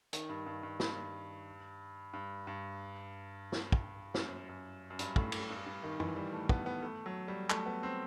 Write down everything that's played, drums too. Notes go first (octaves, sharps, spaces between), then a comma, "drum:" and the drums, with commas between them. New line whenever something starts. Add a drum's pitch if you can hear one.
D#3, drum: hi-hat
G2
G2
G2
G2, drum: snare
G2
G2
drum: snare
drum: kick
F#2, drum: snare
F#2
F#2
G2, drum: hi-hat
A2, drum: kick
A2, drum: cymbal
G2
G2
D#3
E3, drum: tom
G3
A3
B3, drum: kick
B3
A3
F#3
G3
A3, drum: clap
B3
C4